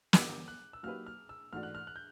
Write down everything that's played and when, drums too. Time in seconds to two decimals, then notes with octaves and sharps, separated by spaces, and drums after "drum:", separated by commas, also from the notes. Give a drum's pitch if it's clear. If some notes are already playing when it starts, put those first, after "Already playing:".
0.13 G2 D3 G3 B3 D6, drum: snare
0.48 F#6
0.73 E6
0.83 F#3 A#3 D#4 G4 B4 F6
1.06 F6
1.29 E6
1.53 G#2 E3 A3 D4 F#4 F6
1.63 F#6
1.75 F6
1.87 F#6
1.96 G6